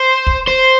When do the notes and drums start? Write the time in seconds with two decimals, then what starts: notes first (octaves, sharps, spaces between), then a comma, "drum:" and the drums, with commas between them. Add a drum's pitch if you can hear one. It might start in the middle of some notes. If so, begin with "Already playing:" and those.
Already playing: C5
0.27 drum: kick
0.47 C5